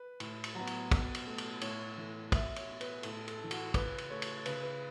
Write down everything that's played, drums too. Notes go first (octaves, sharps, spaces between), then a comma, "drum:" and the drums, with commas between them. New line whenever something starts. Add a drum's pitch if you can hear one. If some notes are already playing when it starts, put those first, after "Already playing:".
Already playing: B4
A2, drum: cymbal
drum: cymbal
F#3 B3
drum: cymbal
B2, drum: kick, cymbal
drum: cymbal
A3
drum: cymbal
A2 C#5, drum: cymbal
E3 A3
B2 E5, drum: kick, cymbal
C#5, drum: cymbal
B3
B4, drum: cymbal
A2 A4, drum: cymbal
A4, drum: cymbal
E3 A3
F#4, drum: cymbal
C#3 B4, drum: kick, cymbal
drum: cymbal
A3 C#5
drum: cymbal
C#3 B4, drum: cymbal
B4